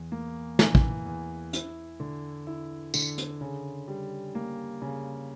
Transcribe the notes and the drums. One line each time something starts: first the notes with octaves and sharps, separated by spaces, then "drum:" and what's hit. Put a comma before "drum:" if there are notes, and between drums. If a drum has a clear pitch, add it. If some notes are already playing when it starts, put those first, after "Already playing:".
Already playing: E2
A#3
E3, drum: snare
drum: kick
E2
E4, drum: hi-hat
D3
E4
D3, drum: tambourine
drum: hi-hat
C#3
G3
A#3
C#3